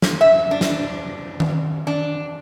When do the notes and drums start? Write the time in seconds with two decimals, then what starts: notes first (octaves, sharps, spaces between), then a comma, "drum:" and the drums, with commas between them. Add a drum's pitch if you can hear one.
0.02 F3, drum: snare
0.21 E5
0.51 D4
0.61 drum: snare
1.40 drum: tom D#3
1.87 D4